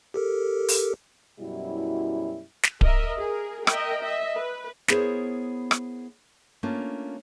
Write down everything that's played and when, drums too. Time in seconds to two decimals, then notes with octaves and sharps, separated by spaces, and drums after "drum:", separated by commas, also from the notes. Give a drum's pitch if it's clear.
0.14 G4 A4 A#4
0.68 drum: open hi-hat
1.40 F#2 B2 F#3 G3 E4
2.63 drum: snare
2.81 A#4 D#5 E5, drum: kick D1
3.18 G#4 A#4
3.67 A#4 D#5 E5 G5, drum: rim click
4.03 D#5 E5
4.35 B4
4.88 B3 E4 G#4 A#4 C5 C#5, drum: snare
5.71 drum: rim click
6.63 A3 A#3 C#4 D4 F4